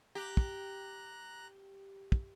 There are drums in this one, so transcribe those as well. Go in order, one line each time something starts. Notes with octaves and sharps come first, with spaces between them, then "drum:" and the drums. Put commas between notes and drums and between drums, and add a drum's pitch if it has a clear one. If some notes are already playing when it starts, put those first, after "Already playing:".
G4 A#5 F#6
drum: kick
drum: kick